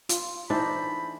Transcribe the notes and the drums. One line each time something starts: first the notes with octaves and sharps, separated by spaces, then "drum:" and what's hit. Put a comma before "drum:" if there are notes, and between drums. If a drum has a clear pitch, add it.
F4, drum: hi-hat
E3 A3 D4 D#4 C5 B5